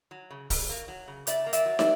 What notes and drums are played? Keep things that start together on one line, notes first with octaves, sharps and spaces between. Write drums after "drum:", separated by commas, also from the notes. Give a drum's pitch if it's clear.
F#3
C#3
C#3, drum: kick, open hi-hat
A#3
F#3
C#3
C#3 D5 E5, drum: hi-hat
A#3
D5 E5, drum: hi-hat
F#3
D5 E5, drum: snare